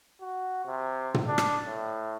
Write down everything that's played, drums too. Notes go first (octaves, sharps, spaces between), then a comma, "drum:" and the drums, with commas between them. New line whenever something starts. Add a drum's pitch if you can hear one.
F#4
C3
drum: tom
D4
drum: rim click
A2